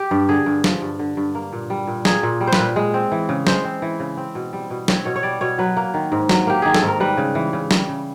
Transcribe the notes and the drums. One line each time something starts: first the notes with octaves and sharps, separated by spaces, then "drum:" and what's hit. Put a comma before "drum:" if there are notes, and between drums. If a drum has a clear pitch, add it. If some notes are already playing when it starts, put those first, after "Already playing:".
Already playing: G4
G2
D3 G#4
G2
F3, drum: snare
G2
D3
G2
A#3
A#2
G3
A#2
A#3 G#4, drum: snare
A#2
G3
C5
B4, drum: snare
A#2
G#3
C4
E3
C#3
G#3 C5, drum: snare
C4
E3
C#3
C4
B2
G3
B2
C4 C#5, drum: snare
B2 C#5
C#5
G3 D5
B2 C#5
F#3 B4
A#3
D#3
G#2
F#3, drum: snare
A#3 G4
D#3 G#4
A4, drum: snare
G#2 A#4
G3 B4
C#3
E3
C#3
G3, drum: snare
C#3